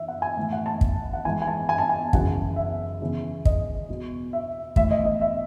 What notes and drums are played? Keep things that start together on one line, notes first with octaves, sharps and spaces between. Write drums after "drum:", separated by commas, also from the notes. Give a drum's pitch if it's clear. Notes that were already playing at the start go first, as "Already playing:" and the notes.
Already playing: E3 E5
F#5
G#5
A2 E3
F#5
A5
drum: kick
F#5
G#2 E3 G#5
G#5
A5
G#5
A5
G#5
F#2 C#3 E3 F#5, drum: kick
E5
E2 C#3 E3
D#5, drum: kick
E2 B2
E5
A2 E3 E5, drum: kick
D#5
D#5
E5